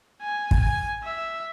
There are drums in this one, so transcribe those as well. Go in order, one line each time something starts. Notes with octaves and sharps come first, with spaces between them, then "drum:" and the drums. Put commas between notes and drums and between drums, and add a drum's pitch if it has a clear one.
G#5
drum: kick
G#5
E5